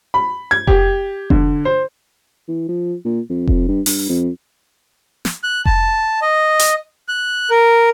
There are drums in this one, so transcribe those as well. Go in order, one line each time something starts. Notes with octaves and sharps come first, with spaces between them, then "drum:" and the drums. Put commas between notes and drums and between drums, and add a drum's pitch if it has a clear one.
B5
G#6
G4, drum: kick F1
D3, drum: kick F1
C5
E3
F3
A#2
F2
F2, drum: kick F1
G2
G2, drum: open hi-hat
F2
drum: snare
F#6
A5, drum: kick F1
D#5
drum: hi-hat
F#6
A#4